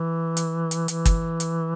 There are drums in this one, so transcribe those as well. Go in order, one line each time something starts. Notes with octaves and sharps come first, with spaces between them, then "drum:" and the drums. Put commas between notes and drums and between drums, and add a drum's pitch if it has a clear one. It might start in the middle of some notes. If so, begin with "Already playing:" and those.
Already playing: E3
drum: hi-hat
drum: hi-hat
E3, drum: hi-hat
drum: kick, hi-hat
drum: hi-hat